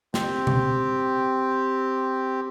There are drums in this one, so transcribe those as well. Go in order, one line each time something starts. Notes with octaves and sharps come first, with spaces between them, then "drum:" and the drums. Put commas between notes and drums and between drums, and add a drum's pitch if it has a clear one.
C4 G4, drum: snare
drum: tom B2